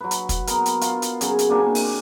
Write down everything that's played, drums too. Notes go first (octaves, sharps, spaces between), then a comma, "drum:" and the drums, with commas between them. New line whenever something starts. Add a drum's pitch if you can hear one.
F#3 B4
drum: hi-hat
drum: kick, hi-hat
B3 A#4, drum: hi-hat
drum: hi-hat
F4, drum: hi-hat
drum: hi-hat
C#3 F#3, drum: hi-hat
drum: hi-hat
C3 A#3 D4 G#5
drum: open hi-hat